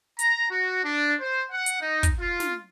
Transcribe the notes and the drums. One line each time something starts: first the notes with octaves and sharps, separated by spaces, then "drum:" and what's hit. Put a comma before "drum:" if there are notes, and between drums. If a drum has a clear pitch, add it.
A#5, drum: hi-hat
F#4
D4
C5
F#5
drum: hi-hat
D#4
drum: kick, hi-hat
F4
drum: snare